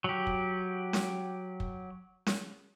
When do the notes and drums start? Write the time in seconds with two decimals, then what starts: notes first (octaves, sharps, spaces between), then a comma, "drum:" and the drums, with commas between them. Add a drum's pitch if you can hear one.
0.04 F#3 G4
0.27 drum: kick
0.93 drum: snare C#4
1.60 drum: kick
2.26 drum: snare C#4